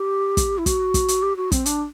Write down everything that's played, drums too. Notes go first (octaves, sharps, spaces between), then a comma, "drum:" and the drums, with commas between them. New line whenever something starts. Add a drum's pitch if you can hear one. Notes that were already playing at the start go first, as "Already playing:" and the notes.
Already playing: G4
drum: kick, hi-hat
E4
F#4, drum: kick, hi-hat
drum: kick, hi-hat
drum: hi-hat
G4
F#4
C4, drum: kick, hi-hat
D4, drum: hi-hat